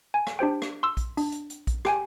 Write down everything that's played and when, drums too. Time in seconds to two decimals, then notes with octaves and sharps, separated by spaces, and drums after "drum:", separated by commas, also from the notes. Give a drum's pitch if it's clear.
0.14 G#5
0.27 drum: rim click
0.39 D4 G4 C5 G5
0.62 drum: rim click
0.83 C6 E6
0.97 drum: kick A#1, hi-hat
1.17 D4, drum: open hi-hat
1.32 drum: hi-hat
1.50 drum: hi-hat
1.67 drum: kick A#1, hi-hat
1.85 G4 G5 G#5, drum: rim click